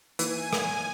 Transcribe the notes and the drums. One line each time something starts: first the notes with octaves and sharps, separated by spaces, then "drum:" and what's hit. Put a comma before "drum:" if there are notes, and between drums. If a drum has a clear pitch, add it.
E3 A#3 D#4 G#5, drum: hi-hat
drum: rim click